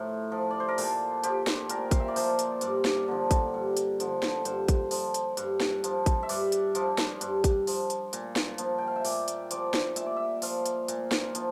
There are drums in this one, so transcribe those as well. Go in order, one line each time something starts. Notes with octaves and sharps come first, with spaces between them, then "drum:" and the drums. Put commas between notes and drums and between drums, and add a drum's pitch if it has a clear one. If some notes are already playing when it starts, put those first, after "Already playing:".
Already playing: A2 F3 A#4
F3
D5
C5
A#4
A#2 A4, drum: open hi-hat
F3 G4, drum: hi-hat
drum: snare
A#2 A#4, drum: hi-hat
F5, drum: kick, hi-hat
E5
D5
F3 C5, drum: open hi-hat
drum: hi-hat
G2 D5, drum: hi-hat
drum: snare
D3 F3
drum: kick, hi-hat
G2
drum: hi-hat
D3 F3, drum: hi-hat
drum: snare
G2 C5, drum: hi-hat
drum: kick, hi-hat
F3, drum: open hi-hat
drum: hi-hat
G2, drum: hi-hat
drum: snare
F3, drum: hi-hat
drum: kick, hi-hat
E5
G2 D5, drum: open hi-hat
drum: hi-hat
F3, drum: hi-hat
drum: snare
G2, drum: hi-hat
drum: kick, hi-hat
F3, drum: open hi-hat
drum: hi-hat
A#2, drum: hi-hat
drum: snare
F3, drum: hi-hat
G5
F5
E5
A#2 D5, drum: open hi-hat
drum: hi-hat
F3 D5, drum: hi-hat
drum: snare
A#2 E5, drum: hi-hat
D5
E5
F3 F5, drum: open hi-hat
drum: hi-hat
A#2, drum: hi-hat
drum: snare
F3, drum: hi-hat